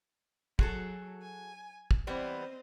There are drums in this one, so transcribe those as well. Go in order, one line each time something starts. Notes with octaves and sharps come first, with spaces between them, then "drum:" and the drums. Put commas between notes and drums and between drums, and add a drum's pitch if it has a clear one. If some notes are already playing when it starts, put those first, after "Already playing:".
F#3 F#4 G#4 A4, drum: kick
G#5
drum: kick
E3 G3 B3 C4 C5 D#5